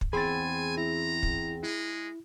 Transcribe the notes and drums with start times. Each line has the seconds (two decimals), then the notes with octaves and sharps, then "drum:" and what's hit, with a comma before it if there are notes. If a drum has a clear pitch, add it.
0.01 drum: kick
0.13 E2 C4 G#4 G#5 B5 C6 A6
0.77 E4 A#5
1.23 drum: kick
1.63 G#3 E4